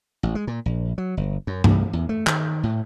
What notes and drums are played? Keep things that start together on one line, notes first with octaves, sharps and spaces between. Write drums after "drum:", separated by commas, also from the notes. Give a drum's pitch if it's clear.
A1
G#3
A#2
A#1
F#3
G1
F#2
C2, drum: tom G2
E2
A3
D#3, drum: clap
A2